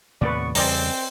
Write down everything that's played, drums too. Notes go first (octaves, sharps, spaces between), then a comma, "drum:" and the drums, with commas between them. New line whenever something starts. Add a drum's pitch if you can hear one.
D#2 A2 C3 B3 B4 D5 C#6
E2 C#3 G3 C4 D5 D#5 A#5, drum: open hi-hat